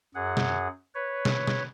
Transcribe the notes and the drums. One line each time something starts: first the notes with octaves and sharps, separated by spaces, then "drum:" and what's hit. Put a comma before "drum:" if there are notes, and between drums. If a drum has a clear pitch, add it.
F#2 G#4 F#5
drum: snare
B4 C#5
drum: snare
drum: snare